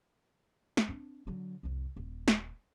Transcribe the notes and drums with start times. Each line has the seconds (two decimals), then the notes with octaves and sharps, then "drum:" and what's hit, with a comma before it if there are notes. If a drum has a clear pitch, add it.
0.77 drum: snare
0.88 C4 D4
1.27 D3 F#3
1.63 C2 F2
1.96 D#1
2.28 drum: snare